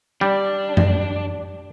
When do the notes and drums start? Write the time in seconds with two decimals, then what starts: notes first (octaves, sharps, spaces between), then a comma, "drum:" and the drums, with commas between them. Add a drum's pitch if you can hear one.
0.21 G3 D4 D5
0.77 drum: tom F#2